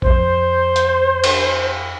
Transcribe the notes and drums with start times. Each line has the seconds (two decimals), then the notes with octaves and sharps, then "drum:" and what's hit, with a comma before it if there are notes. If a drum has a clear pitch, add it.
0.02 F2 C5, drum: kick
0.76 drum: hi-hat
1.24 drum: cymbal